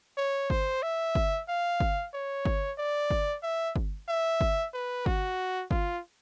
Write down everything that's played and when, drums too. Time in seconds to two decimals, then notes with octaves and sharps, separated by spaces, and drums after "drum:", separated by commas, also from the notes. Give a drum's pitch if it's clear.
0.17 C#5
0.50 C5, drum: kick G1
0.83 E5
1.15 drum: kick G1
1.48 F5
1.80 drum: kick G1
2.14 C#5
2.45 drum: kick G1
2.78 D5
3.11 drum: kick G1
3.43 E5
3.76 drum: kick G1
4.08 E5
4.41 drum: kick G1
4.74 B4
5.06 F#4, drum: kick G1
5.71 F4, drum: kick G1